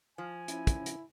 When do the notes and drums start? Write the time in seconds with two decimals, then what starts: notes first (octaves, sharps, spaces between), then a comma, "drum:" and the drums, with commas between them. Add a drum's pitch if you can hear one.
0.18 F3 G#5
0.48 C#4 E4, drum: hi-hat
0.67 drum: kick, hi-hat
0.86 drum: hi-hat